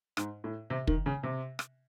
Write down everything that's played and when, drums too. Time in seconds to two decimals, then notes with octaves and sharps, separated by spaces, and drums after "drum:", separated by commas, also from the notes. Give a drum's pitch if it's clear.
0.17 G#2, drum: rim click
0.44 A2
0.70 C3
0.87 D#3, drum: kick
1.06 C#3
1.23 C3
1.59 drum: rim click